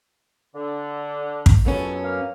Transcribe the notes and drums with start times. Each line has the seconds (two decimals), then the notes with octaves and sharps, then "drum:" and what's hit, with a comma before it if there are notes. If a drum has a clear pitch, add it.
0.55 D3
1.46 drum: kick
1.65 C#2 F#2 B3 C#4 A4
2.04 A#3 F6